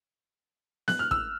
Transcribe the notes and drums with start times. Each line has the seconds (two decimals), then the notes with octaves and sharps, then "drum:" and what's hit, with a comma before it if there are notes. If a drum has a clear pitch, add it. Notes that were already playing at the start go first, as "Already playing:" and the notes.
0.88 F#6, drum: snare B3
0.99 F6
1.11 E6, drum: kick